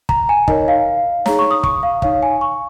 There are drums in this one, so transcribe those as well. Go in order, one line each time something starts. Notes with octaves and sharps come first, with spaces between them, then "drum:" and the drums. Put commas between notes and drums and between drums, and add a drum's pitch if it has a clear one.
A#5, drum: kick
G#5
D#4 A#4 C#5 D#5, drum: kick
F5
D#4 G#4 C#5 A#5, drum: snare
C#6
D#6
C#6, drum: kick
F5
D#4 C#5 F5, drum: kick
G#5
C#6